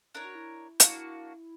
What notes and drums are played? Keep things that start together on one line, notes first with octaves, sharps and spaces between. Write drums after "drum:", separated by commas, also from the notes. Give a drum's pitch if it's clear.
D4 E4 A#4 C#5
F#4
E4
A#3 D4 F#4, drum: hi-hat